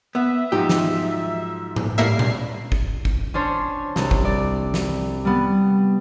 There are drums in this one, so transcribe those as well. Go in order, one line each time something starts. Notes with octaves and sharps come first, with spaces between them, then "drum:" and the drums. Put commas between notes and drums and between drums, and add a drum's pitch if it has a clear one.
B3 E5
G#2 F3 F#3 D#4 G4
drum: snare
drum: tom A2
A2 G3 A#3 E5 C7
drum: tom A#2
drum: kick
drum: kick
C#4 D4 C5 C#5
C2, drum: snare
drum: kick
D5
drum: snare
G3 B3